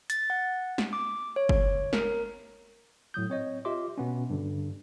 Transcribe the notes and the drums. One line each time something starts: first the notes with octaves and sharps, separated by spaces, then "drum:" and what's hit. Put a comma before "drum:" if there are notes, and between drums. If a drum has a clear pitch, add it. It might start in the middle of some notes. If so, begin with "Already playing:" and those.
A6, drum: hi-hat
F#5
drum: snare
D6
C#5
drum: kick
A#4, drum: snare
A2 F#3 D#6 G6
C4 C#5 D#5
F4 G4 D#5 E5 C6 D6
B2 B3 C#4
G2 D3